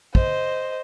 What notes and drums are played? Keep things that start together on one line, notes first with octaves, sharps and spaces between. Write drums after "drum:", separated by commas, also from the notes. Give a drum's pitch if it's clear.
C5 D#5, drum: kick